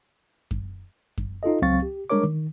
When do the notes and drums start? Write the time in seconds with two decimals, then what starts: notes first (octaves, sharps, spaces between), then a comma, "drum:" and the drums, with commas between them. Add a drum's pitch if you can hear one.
0.51 drum: kick F#2
1.18 drum: kick F#2
1.43 D#4 F4 A4 D#5
1.62 C#2 F#3 C4 F5 C#6 A6
1.82 G4
2.10 G3 G#3 D4 A#4 C#5 D6
2.24 D#3